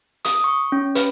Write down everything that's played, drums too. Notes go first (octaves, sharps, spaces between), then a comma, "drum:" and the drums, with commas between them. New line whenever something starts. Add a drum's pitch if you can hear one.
D#6, drum: hi-hat
C#6
C#4
B4, drum: hi-hat